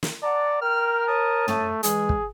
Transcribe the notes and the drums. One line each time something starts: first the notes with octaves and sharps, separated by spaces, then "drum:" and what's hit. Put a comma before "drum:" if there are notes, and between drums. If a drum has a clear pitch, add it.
drum: snare
D5 F#5 A5 A#5
A#4 G5 F6
C#5 A5 D#6
A3, drum: tom
E3 G#3 G#4, drum: hi-hat
drum: kick